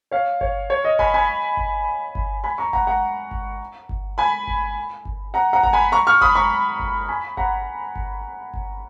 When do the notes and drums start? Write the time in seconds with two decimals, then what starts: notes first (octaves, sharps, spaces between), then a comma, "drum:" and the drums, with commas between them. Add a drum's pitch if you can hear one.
0.11 C#5 F5
0.41 C#5, drum: kick G1
0.70 C#5
0.85 D#5
0.99 G#5 B5, drum: kick G1
1.14 G#5 B5
1.57 drum: kick G1
2.15 drum: kick G1
2.44 G#5 B5
2.58 A#5 C#6
2.73 F#5 A#5, drum: kick G1
2.87 F#5 A#5
3.31 drum: kick G1
3.89 drum: kick G1
4.18 G#5 B5
4.47 drum: kick G1
5.05 drum: kick G1
5.34 F#5 A#5
5.53 F#5 A#5
5.63 A#5, drum: kick G1
5.73 G#5 B5
5.92 A#5 C#6
6.07 C#6 F6
6.21 B5 D#6, drum: kick G1
6.35 A#5 C#6
6.79 drum: kick G1
7.09 G#5 B5
7.37 F#5 A#5, drum: kick G1
7.96 drum: kick G1
8.54 drum: kick G1